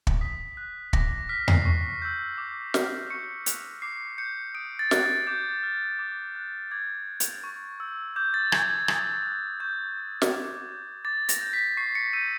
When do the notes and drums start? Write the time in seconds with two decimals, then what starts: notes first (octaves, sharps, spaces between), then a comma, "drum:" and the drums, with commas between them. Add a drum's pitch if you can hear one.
0.07 drum: kick
0.21 D#6 B6
0.57 F#6
0.93 D6 A#6, drum: kick
1.29 F6 B6
1.48 C7, drum: tom E2
1.65 C#6
2.02 E6 G6
2.38 D6
2.74 F6, drum: snare
3.10 C#6 C#7
3.46 F#6, drum: hi-hat
3.82 D6 C7
4.18 G6 C#7
4.54 D#6 D7
4.79 A6
4.91 F#6, drum: snare
5.03 A6
5.27 D6 G6
5.63 F6
5.99 D6
6.35 F#6
6.71 D6 G#6
7.08 F#6
7.20 drum: hi-hat
7.44 C#6
7.80 E6 G6
8.16 D6 G6
8.34 A6
8.52 G6 G#6, drum: rim click
8.70 G#6
8.88 D#6, drum: rim click
9.25 F#6
9.60 C#6 G6
9.97 E6 G6
10.22 drum: snare
10.32 D6
10.69 G6
11.05 D6 A6
11.29 A#6, drum: hi-hat
11.41 G6
11.53 B6
11.77 C#6 C7
11.95 C#7
12.13 E6 G6 D#7